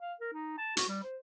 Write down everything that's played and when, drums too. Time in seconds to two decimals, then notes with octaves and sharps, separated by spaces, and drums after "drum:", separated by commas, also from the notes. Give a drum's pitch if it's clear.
0.01 F5
0.21 A#4
0.33 D#4
0.58 A5
0.77 F#4, drum: hi-hat
0.88 G3
1.04 C5